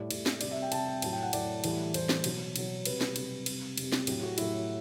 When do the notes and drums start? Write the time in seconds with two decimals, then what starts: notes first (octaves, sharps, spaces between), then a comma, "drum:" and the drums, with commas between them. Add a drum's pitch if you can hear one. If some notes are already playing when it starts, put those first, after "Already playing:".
Already playing: A2 G3 D5
0.11 A2 G3, drum: cymbal
0.26 drum: snare
0.41 C3 G3 D5, drum: cymbal
0.51 E5
0.62 G5
0.72 C3 G3 A5, drum: cymbal
0.87 G5
1.02 A2 F#3 A5, drum: cymbal
1.13 G5
1.23 F#5
1.33 A2 F#3 D5, drum: cymbal
1.64 A2 E3 G3, drum: cymbal
1.94 A2 E3 G3 C5, drum: cymbal
2.09 drum: snare
2.24 B2 F#3, drum: cymbal
2.56 B2 F#3, drum: cymbal
2.85 C3 G3 B4, drum: cymbal
3.01 drum: snare
3.16 C3 G3, drum: cymbal
3.46 C3 G3, drum: cymbal
3.78 C3 G3, drum: cymbal
3.92 drum: snare
4.07 A2 F#3 G4, drum: cymbal
4.23 F#4
4.38 A2 F#3 E4, drum: cymbal